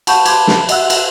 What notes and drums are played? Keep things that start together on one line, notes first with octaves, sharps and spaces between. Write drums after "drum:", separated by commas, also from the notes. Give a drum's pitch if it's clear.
F#5 A5 B5 C#6 G6 E7, drum: cymbal
A5 B5 C6 D6 G#6, drum: cymbal
drum: snare
D#5 E5 F#5 E6 F#6, drum: cymbal
drum: cymbal